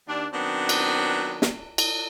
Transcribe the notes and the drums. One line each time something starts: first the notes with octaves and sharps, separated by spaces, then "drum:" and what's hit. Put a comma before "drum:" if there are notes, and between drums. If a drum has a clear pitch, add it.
D#2 D4
D#3 F#3 B3 C4 D4
drum: cymbal
drum: snare
drum: cymbal